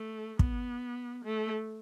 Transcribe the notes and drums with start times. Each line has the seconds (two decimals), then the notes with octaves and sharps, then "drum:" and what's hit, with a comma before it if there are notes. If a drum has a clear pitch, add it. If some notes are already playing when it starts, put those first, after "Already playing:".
Already playing: A3
0.39 B3, drum: kick
1.24 A3